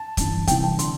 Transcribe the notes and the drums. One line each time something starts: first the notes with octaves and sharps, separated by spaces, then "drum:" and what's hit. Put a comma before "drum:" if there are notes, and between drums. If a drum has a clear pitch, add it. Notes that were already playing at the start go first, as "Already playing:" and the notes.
Already playing: A5
G1 G2 E3, drum: kick C#1, hi-hat
C2 C3 E3 G5, drum: kick C#1, hi-hat
A5
D3 C6, drum: hi-hat